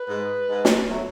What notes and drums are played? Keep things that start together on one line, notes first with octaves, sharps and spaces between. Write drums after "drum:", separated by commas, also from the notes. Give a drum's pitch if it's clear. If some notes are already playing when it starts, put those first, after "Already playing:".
Already playing: B4
G#2 G#3
G#2 G#3
drum: snare
B2 F#3 A3 C#5